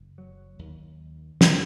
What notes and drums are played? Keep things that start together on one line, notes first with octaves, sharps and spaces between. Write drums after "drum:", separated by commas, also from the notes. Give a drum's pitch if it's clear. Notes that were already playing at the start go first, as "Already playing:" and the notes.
Already playing: F#1
F#3
D#2
drum: snare